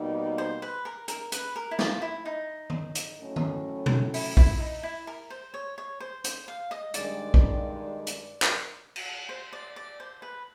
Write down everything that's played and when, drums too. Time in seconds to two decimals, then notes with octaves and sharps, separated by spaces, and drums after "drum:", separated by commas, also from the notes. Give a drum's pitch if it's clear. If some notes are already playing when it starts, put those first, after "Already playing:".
Already playing: B2 G3 A#3 D#4
0.38 C5
0.62 B4
0.85 A#4
1.08 A#4, drum: hi-hat
1.32 B4, drum: hi-hat
1.56 A#4
1.71 E4
1.79 F4, drum: snare
2.02 E4
2.25 D#4
2.70 drum: tom D#3
2.95 drum: hi-hat
3.19 A2 F#3 A3 C#4
3.36 drum: tom D#3
3.86 drum: tom B2
4.14 E4, drum: open hi-hat
4.37 E4, drum: kick
4.60 D#4
4.83 E4
5.07 A#4
5.30 C5
5.54 C#5
5.78 C#5
6.00 C5
6.24 C5, drum: hi-hat
6.48 F5
6.71 D#5
6.94 G2 D#3 G#3 D5, drum: hi-hat
7.34 drum: kick
8.07 drum: hi-hat
8.42 drum: clap
8.96 drum: cymbal
9.29 C5
9.53 D5
9.76 D5
10.00 C5
10.22 B4